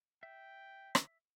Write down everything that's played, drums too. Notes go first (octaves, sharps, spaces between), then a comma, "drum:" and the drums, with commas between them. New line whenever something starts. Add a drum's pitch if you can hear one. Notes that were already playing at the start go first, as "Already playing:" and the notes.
E5 G5
drum: rim click